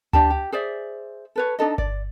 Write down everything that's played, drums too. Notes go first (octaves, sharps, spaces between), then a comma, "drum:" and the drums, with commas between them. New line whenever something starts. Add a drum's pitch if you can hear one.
D4 G4 D5 A5, drum: tom D2
G4
G#4 C5 D5 E5
A4 B4 C#5
D4 D#4 A4 D#5
D5, drum: kick G1